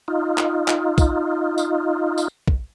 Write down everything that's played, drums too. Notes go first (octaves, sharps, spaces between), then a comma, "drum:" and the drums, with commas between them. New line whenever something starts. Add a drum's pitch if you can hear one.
D#4 F4
drum: clap
drum: clap
drum: kick, tambourine
drum: tambourine
drum: tambourine
drum: kick